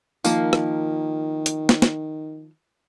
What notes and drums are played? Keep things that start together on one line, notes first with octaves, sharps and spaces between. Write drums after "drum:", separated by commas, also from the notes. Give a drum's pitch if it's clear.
D#3 F3 A#3, drum: tambourine
drum: rim click
drum: hi-hat
drum: snare
drum: snare